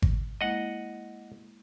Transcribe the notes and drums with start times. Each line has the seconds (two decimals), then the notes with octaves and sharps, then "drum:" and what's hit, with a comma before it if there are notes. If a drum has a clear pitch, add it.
0.02 drum: kick G#1
0.41 G#3 A#3 E4 D#5 F#5